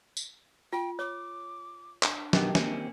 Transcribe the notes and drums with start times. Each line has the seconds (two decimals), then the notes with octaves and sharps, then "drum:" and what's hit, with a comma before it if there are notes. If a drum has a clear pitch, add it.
0.17 drum: tambourine
0.73 F4 G5
0.99 C#5 D6
2.03 D4, drum: clap
2.33 B1 D#3 F#3 B3 G4, drum: snare
2.55 A#3 C4 C#4, drum: snare